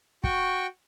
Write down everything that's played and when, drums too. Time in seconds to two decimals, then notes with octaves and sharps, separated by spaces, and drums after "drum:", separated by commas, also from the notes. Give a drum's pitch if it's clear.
0.24 F#4 G5 C#6, drum: kick